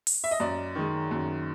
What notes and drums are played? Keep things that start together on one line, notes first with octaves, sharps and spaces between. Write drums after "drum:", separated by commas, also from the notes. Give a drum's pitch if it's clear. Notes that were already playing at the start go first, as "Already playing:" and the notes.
drum: open hi-hat
E5
D#5
F#2 D5
D#3 G#3
F#2